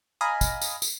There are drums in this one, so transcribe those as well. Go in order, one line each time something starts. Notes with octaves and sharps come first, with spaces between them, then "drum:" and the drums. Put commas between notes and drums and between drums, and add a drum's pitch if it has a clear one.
D#5 F5 G#5 A#5 B5 D#6
drum: kick, tambourine
drum: tambourine
drum: tambourine